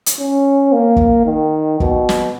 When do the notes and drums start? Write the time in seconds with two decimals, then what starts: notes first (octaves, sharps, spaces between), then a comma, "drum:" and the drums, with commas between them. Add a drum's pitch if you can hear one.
0.06 drum: hi-hat
0.19 C#4
0.73 A#3
0.96 drum: kick
1.26 D#3
1.80 B2, drum: kick
2.09 drum: snare